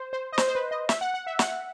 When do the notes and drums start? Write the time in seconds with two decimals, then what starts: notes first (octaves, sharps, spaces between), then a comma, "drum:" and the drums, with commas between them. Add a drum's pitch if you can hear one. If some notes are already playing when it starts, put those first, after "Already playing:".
Already playing: C5
0.13 C5
0.33 D#5
0.38 C5, drum: snare
0.48 C5
0.55 B4
0.71 D#5
0.89 E5, drum: snare
1.01 F#5
1.14 F#5
1.27 E5
1.39 F#5, drum: snare